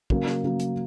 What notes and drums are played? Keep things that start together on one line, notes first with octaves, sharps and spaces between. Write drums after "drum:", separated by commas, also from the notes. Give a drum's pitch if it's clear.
C#3 F#3 A#3, drum: kick
drum: snare
C#3 F#3 A#3
drum: hi-hat